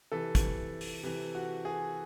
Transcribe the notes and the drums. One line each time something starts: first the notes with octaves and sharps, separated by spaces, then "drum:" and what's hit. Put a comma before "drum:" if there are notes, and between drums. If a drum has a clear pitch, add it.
C3 E3 A4
drum: kick, hi-hat
drum: open hi-hat
C3 E3
F#4
G#4